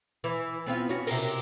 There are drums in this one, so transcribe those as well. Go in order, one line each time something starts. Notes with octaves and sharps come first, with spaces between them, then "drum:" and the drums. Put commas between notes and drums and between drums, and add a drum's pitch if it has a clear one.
E3
B3 C4 F4
C#4 F#4
C3 A#4, drum: open hi-hat